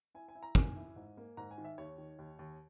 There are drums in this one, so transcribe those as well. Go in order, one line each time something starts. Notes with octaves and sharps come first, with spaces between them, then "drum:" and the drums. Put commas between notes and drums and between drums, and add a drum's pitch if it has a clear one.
E4 G#5
G#5
E4
A#5
D#3 G#5, drum: kick
E4
G#2
A#3
G#2 A#5
G#5
D#3
E5
D#2 C#5
D#3
D#2
D#2